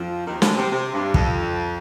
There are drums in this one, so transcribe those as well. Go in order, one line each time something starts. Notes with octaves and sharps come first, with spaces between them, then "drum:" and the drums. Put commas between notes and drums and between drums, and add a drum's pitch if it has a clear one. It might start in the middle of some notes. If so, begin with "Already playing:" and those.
Already playing: F2 F3
D#2 D#3
D2 D3, drum: snare
C3
C3
G2
F2, drum: kick